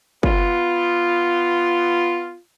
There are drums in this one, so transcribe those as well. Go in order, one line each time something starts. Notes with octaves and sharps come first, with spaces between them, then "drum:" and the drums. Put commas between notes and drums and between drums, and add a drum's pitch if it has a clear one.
B3 F4, drum: kick